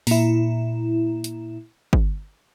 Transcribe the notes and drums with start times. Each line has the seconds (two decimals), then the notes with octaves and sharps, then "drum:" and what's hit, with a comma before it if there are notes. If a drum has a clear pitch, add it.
0.07 A#2 E4, drum: open hi-hat
1.24 drum: hi-hat
1.93 drum: kick